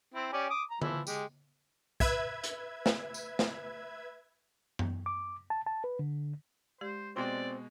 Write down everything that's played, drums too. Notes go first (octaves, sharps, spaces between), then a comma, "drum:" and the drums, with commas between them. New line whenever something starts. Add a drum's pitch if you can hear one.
C4 E4 C5
C#4 G4 D5
D6 D#6
A#5
E3 F3 E4, drum: tom D3
G#3 G4, drum: tambourine
B4 E5 G#6, drum: kick
drum: hi-hat
drum: snare
drum: tambourine
drum: snare
drum: tom F#2
D6
A5
A5
B4
D3
G#3 G4 C5 D5
B2 G#3 C4 D5 G5 C6